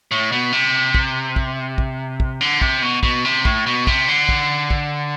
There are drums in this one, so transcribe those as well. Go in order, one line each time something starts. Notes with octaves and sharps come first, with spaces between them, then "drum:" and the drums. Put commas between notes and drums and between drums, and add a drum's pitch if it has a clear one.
A2
B2
C3
drum: kick
drum: kick
drum: kick
drum: kick
D3
C3, drum: kick
B2
B2, drum: kick
C3
A2, drum: kick
B2
C3, drum: kick
D3
drum: kick
drum: kick